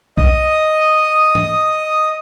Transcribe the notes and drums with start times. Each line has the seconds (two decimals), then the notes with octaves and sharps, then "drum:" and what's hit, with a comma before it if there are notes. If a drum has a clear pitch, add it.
0.17 D#5 D#6, drum: kick B1
1.35 drum: tom G#2